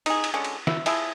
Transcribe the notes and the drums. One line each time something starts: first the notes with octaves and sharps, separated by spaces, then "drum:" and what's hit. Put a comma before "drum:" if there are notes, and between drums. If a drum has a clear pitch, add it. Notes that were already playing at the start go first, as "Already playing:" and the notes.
D#4 G#4, drum: cymbal
drum: cymbal
D3 G#3 C#4
drum: cymbal
E4, drum: snare
F3 E4 G#4, drum: cymbal